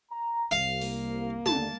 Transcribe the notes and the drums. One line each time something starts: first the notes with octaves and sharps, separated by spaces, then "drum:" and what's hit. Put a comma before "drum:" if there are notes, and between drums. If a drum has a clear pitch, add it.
A#5
C2 F5
A#3, drum: open hi-hat
D#2 D3 A5, drum: tom